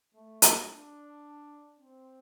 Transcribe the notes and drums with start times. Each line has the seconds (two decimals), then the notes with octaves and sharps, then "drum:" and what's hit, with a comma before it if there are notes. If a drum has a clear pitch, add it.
0.14 A3
0.42 drum: hi-hat
0.69 D4
1.79 C4